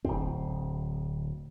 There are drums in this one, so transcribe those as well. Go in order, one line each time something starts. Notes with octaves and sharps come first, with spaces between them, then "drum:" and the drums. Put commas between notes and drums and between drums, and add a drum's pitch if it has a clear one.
D1 C4, drum: kick F#1